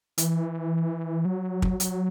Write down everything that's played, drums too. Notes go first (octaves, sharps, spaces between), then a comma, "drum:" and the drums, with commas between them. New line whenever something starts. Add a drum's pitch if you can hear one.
E3, drum: hi-hat
F#3
drum: kick
F#3, drum: hi-hat